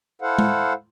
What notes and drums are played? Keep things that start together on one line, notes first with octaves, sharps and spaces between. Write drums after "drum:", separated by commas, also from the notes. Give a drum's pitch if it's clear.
E4 A4 C5 F5 F#5
drum: tom G#3